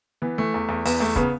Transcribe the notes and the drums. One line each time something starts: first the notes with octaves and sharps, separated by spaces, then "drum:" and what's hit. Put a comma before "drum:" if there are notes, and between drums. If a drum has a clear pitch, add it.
E3 B3
E3 A3
E2
E2
E2 B3, drum: open hi-hat
E2 A3
C#3 B3, drum: kick